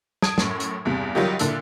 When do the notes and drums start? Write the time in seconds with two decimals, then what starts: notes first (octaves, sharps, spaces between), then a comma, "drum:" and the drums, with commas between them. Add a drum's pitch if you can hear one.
0.22 A5 D#6 G#6 D7, drum: snare
0.38 F#2 A2, drum: snare
0.60 drum: hi-hat
0.85 E2 G2 C3
1.15 D#3 F#3 G3 D#4 F4 G4
1.39 A#2 D3 D4 E4 E5, drum: hi-hat